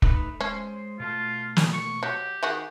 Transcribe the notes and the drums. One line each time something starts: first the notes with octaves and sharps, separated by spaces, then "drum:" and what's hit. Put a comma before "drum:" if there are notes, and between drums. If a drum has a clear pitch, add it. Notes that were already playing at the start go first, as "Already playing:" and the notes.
A3 D#4 B4, drum: kick
G#3 C#4 C5
B2 A3 F4 A5
drum: snare
C#6
F#3 G4
D#3 F#4 G#4